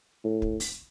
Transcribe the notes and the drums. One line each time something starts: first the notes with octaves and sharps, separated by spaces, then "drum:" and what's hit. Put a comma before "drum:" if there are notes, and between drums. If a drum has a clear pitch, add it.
A2
drum: kick
drum: open hi-hat